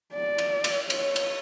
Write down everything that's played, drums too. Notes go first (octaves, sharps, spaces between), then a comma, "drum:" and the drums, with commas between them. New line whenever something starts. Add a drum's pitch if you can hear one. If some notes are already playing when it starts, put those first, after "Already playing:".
D5
drum: cymbal
drum: cymbal
C#5, drum: cymbal
drum: cymbal